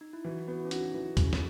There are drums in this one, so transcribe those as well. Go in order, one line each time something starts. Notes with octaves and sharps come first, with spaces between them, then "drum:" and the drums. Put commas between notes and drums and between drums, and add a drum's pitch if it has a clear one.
D#4
E4
E3 F#4
B3 F#4
C#4
D#4 F#4, drum: hi-hat
E3
C#3, drum: kick, hi-hat
drum: snare